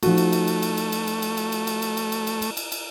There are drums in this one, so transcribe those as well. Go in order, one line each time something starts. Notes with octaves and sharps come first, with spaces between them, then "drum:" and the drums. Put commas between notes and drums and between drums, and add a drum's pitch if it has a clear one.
F3 A3 D#4 F#4, drum: cymbal
drum: cymbal
drum: cymbal
drum: cymbal
drum: cymbal
drum: cymbal
drum: cymbal
drum: cymbal
drum: cymbal
drum: cymbal
drum: cymbal
drum: cymbal
drum: cymbal
drum: cymbal
drum: cymbal
drum: cymbal
drum: cymbal
drum: cymbal
drum: cymbal